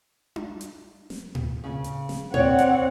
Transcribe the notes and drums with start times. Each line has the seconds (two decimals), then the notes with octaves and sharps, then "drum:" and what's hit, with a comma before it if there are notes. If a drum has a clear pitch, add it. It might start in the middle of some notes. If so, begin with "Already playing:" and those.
0.36 drum: tom D4
0.61 drum: hi-hat
1.10 drum: snare
1.35 drum: tom A2
1.64 C#3
1.84 drum: hi-hat
2.09 drum: snare
2.34 C4 C#5 D5 F#5, drum: tom A2
2.59 drum: hi-hat